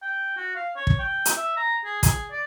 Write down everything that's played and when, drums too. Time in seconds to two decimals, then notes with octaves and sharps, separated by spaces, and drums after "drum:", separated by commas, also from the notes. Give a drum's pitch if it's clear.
0.02 G5
0.37 F#4
0.56 F5
0.76 C#5
0.87 drum: kick
0.99 G5
1.25 drum: hi-hat
1.37 E5
1.56 A#5
1.84 G#4
2.03 G#4, drum: kick, hi-hat
2.31 D5